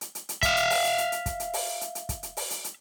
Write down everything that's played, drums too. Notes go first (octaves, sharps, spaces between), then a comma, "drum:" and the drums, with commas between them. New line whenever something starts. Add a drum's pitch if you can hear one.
drum: hi-hat
drum: hi-hat
drum: hi-hat
E5 F5, drum: kick, hi-hat
drum: hi-hat
drum: open hi-hat
drum: hi-hat
drum: hi-hat
drum: hi-hat
drum: kick, hi-hat
drum: hi-hat
drum: open hi-hat
drum: hi-hat
drum: hi-hat
drum: kick, hi-hat
drum: hi-hat
drum: open hi-hat
drum: hi-hat
drum: hi-hat